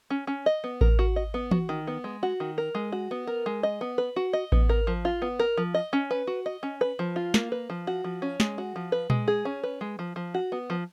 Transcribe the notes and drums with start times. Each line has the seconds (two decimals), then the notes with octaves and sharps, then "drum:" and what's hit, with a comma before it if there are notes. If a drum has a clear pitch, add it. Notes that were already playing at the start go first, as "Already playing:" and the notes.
0.10 C#4
0.27 C#4
0.46 D#5
0.64 B3
0.81 A#4, drum: kick A1
0.99 F#4
1.16 D#5
1.34 B3
1.51 F#4, drum: tom E3
1.69 D#3
1.87 B3
2.04 G#3
2.23 F#4
2.40 D#3
2.58 A#4
2.75 G#3
2.92 F#4
3.11 B3
3.27 A#4
3.46 G#3
3.63 D#5
3.81 B3
3.98 B4
4.16 F#4
4.33 D#5
4.52 B3, drum: kick A1
4.69 A#4
4.87 F3
5.05 F4
5.22 B3
5.39 A#4
5.57 F3
5.74 D#5
5.93 C#4
6.11 B4
6.27 F#4
6.46 D#5
6.63 C#4
6.81 B4
6.99 F3
7.16 F4
7.34 A#3, drum: snare
7.52 B4
7.70 F3
7.87 F#4
8.04 F3
8.22 C#4
8.40 G#3, drum: snare
8.58 F#4
8.76 F3
8.92 B4
9.10 G#3, drum: tom A#2
9.28 G#4
9.45 C#4
9.63 B4
9.81 G#3
9.99 F3
10.16 F3
10.34 F#4
10.52 B3
10.70 F3